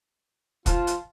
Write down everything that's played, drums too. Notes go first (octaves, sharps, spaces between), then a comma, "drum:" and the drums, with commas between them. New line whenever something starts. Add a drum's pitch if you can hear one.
F3 F4 F5 A5, drum: kick, hi-hat
drum: hi-hat